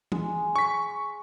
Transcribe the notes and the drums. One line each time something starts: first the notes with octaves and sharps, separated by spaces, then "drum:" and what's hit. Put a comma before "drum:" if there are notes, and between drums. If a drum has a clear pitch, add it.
G#3, drum: tom E3
C#6 B6